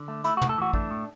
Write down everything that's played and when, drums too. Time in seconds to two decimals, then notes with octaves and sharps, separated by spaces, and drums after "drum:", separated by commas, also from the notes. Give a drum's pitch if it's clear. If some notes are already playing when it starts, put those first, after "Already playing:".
Already playing: D3
0.08 A3
0.24 A3 E4, drum: hi-hat
0.37 F#4
0.42 A2, drum: tom
0.49 A4
0.58 E3 F#4
0.73 A3 D4, drum: kick
0.91 A2